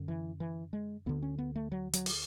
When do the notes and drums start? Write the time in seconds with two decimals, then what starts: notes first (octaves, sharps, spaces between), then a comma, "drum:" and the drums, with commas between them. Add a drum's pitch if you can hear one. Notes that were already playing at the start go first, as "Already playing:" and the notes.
Already playing: F#2 D3
0.08 E3
0.40 E3
0.73 G#3
1.06 D2 D3 B3
1.23 C#4
1.38 B3
1.56 A3
1.72 F#3
1.93 F#3, drum: hi-hat
2.06 drum: open hi-hat